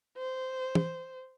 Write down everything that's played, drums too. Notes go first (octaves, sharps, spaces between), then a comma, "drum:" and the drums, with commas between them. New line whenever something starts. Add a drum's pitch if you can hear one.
C5
drum: tom